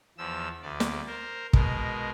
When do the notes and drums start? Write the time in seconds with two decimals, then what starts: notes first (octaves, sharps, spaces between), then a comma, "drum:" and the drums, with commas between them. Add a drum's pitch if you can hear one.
0.18 E2 F3 E6
0.62 D2 D5
0.80 drum: snare
1.07 A#4 C5
1.53 B2 G#3 A#4, drum: kick